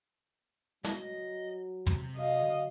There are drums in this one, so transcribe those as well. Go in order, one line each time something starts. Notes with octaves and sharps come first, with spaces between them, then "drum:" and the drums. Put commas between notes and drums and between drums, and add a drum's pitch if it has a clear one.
F#3 D#5, drum: snare
C3, drum: tom
F#3 D#5 F5